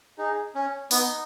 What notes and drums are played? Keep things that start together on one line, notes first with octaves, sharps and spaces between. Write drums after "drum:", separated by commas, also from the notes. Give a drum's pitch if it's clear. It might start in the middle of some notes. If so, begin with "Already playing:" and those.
D#4 G#4
C#4
B3 D#4, drum: open hi-hat